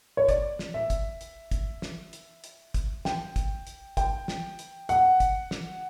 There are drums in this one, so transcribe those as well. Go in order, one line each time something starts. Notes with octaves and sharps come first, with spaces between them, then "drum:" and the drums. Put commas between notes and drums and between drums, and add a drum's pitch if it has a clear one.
C#5
D5, drum: kick, hi-hat
drum: snare
E5
drum: kick, hi-hat
drum: hi-hat
drum: kick, hi-hat
drum: snare
drum: hi-hat
drum: hi-hat
drum: kick, hi-hat
G5, drum: snare
drum: kick, hi-hat
drum: hi-hat
G5, drum: kick, hi-hat
drum: snare
drum: hi-hat
F#5, drum: hi-hat
drum: kick, hi-hat
drum: snare